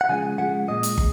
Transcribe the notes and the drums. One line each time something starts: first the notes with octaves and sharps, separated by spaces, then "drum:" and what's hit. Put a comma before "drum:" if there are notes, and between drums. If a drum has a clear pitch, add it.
F#5
C#3 F3 G#3 G#5
C#3 F3 G#3 F#5
A#2 G#3 D#5
drum: hi-hat
G#3, drum: kick